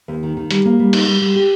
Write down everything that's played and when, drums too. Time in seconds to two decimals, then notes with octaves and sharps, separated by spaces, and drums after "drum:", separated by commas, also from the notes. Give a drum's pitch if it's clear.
0.08 D#2
0.23 D#3
0.37 D#3
0.51 G3, drum: hi-hat
0.65 A#3
0.79 G3
0.93 D#4, drum: cymbal
1.08 G3
1.21 G3
1.35 G4